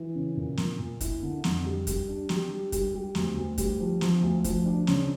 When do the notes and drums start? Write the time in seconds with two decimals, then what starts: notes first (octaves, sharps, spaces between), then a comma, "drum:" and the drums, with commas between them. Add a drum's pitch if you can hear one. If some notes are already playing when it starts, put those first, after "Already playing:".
Already playing: E3
0.15 C#3
0.37 A#2
0.57 A#2, drum: snare
0.79 A#2
1.01 E4, drum: kick, hi-hat
1.22 D3
1.44 F2, drum: snare
1.65 G3
1.87 G3, drum: kick, hi-hat
2.08 D4
2.29 G4, drum: snare
2.51 G3
2.72 G3, drum: kick, hi-hat
2.94 G3
3.15 D2, drum: snare
3.36 D2
3.58 G3, drum: kick, hi-hat
3.80 F3
4.01 F3, drum: snare
4.23 D2
4.44 F3, drum: kick, hi-hat
4.65 D4
4.87 C#3, drum: snare